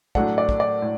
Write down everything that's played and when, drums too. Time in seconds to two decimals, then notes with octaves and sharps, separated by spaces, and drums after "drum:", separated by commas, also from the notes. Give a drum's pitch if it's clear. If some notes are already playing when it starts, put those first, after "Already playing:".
0.15 A2 F#3 A3 D4 F#5, drum: kick
0.38 D5
0.49 drum: kick
0.60 D5
0.82 A2